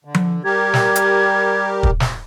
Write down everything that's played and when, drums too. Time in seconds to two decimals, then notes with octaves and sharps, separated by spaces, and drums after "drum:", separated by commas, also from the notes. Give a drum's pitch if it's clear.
0.05 D3
0.15 drum: tom F3
0.44 G3 G4 A#4 G#6
0.74 drum: snare
0.96 drum: hi-hat
1.83 drum: kick
2.00 drum: snare